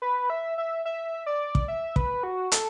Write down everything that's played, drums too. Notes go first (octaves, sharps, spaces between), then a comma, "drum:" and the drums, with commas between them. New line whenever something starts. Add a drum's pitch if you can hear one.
B4
E5
E5
E5
D5
drum: kick
E5
B4, drum: kick
F#4
A4, drum: hi-hat